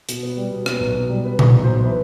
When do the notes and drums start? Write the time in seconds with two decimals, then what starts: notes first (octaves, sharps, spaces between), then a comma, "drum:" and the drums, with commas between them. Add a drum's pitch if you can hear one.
0.09 B2, drum: hi-hat
0.23 B3
0.37 G3
0.51 B2
0.66 B3, drum: rim click
0.81 B1
0.95 B2
1.10 G3
1.25 B3 B4
1.39 B1, drum: tom A#2
1.54 B2
1.64 C5
1.69 B1
1.83 E3 B4